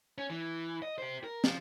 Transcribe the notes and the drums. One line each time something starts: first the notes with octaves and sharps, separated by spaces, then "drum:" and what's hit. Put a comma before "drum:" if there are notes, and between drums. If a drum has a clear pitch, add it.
C#4
E3
D#5
G4 C5
A#4
F3, drum: snare